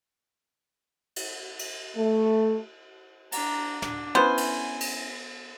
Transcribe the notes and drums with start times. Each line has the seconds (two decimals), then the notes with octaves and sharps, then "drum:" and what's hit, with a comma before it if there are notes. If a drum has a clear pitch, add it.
1.16 drum: cymbal
1.59 drum: cymbal
1.96 A3
3.32 D4 A#5, drum: cymbal
3.82 D4, drum: snare
4.15 B3 C#4 E4 B4 C5 G#5
4.37 drum: cymbal
4.81 drum: cymbal